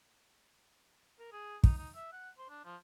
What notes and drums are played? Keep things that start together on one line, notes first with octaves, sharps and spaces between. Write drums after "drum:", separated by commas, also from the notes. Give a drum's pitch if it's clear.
A#4
G#4
D#4, drum: kick
D#4
E5
F#5
C5
D4
F3